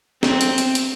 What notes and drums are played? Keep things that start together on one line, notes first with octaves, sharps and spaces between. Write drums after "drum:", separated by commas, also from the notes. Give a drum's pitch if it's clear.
C4, drum: snare
drum: hi-hat
drum: hi-hat
drum: hi-hat